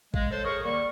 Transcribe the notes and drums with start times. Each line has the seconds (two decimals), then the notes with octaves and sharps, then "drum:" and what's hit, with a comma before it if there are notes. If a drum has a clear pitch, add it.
0.14 G#3 F5, drum: kick
0.31 A4 C5 C#5
0.45 G#4 A#4 C#6
0.64 D#3 G3 A#3 D5 C#6